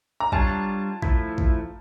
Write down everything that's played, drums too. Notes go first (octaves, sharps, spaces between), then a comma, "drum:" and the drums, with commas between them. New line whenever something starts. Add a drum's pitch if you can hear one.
A#5
G3 D4 F4 C#5 A5, drum: kick A1
F3 A3 E4, drum: kick A1
drum: kick A1